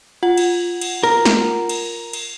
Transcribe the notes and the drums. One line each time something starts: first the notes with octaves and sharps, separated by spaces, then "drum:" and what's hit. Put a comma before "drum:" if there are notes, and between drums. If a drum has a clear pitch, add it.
F4 F#5 F#7
drum: cymbal
drum: cymbal
A#4
drum: snare
drum: cymbal
drum: cymbal